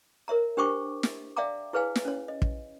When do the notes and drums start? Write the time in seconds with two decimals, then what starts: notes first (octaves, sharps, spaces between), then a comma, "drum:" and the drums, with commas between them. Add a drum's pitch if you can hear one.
0.28 A#4 C#5 E5 A#5
0.57 D4 G4 C5 G5 C#6 D6
1.03 drum: snare
1.36 D5 E5 F5 G5 A#5 D6
1.73 E4 G#4 B4 C#5 F5 G#5
1.96 drum: snare
2.05 C#4 C#5
2.28 D#5
2.42 drum: kick